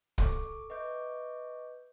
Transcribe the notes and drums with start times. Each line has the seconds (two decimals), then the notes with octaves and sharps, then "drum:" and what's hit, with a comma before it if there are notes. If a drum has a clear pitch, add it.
0.18 A4 C#6 D6, drum: kick
0.70 B4 D#5 E5 C#6 D6 G6